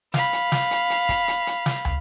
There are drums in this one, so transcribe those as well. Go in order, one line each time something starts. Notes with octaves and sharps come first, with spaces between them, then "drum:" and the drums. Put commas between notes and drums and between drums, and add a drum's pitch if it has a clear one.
F5 B5, drum: snare
drum: hi-hat
drum: snare
drum: hi-hat
drum: hi-hat
drum: kick, hi-hat
drum: hi-hat
drum: hi-hat
drum: snare
drum: tom